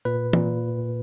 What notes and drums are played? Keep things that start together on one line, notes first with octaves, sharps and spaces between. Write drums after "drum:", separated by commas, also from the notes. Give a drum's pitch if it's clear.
A#2 B4
A#2, drum: tom E3